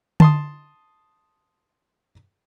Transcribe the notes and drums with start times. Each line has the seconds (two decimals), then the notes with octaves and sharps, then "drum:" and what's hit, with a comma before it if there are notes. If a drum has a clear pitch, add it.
0.20 A5 C6 D#6, drum: tom D3